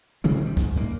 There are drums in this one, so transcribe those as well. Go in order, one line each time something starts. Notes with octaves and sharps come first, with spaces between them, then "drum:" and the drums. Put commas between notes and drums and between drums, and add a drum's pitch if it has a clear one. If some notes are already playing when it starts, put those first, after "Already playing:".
C3 D#3 G#3 C4
B1 G3
G#2, drum: kick
F#2 A#3